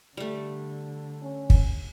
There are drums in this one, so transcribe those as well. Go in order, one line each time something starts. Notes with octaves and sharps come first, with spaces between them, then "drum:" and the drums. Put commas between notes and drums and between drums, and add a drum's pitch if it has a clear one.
D3 G3 A3
C#4
drum: kick